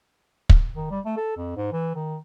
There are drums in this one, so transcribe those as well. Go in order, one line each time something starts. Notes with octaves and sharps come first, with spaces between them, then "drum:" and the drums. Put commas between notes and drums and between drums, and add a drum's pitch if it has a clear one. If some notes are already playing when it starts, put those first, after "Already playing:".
drum: kick
D#3
G3
A3
A4
F2
G#2
E3
D#3